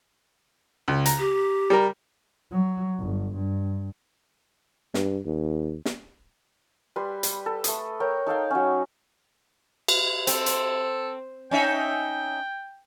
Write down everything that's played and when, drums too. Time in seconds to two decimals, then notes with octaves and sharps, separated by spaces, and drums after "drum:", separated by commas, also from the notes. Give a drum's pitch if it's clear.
0.88 C#2
1.06 A#5, drum: hi-hat
1.19 G4
1.70 G3 A#4
2.51 F#3
2.99 G1
3.34 G2
4.94 G2, drum: snare
5.26 D#2
5.85 drum: snare
6.96 G3 B4 C6
7.23 drum: hi-hat
7.46 A4
7.64 A3 D#6, drum: hi-hat
8.00 A#4 C#5 G5 A#5
8.26 D#4 A4 F5 G5
8.50 F#3 C#4
9.88 drum: cymbal
10.27 C4 A4, drum: hi-hat
10.46 drum: hi-hat
11.51 C#4 D#4 E5 G5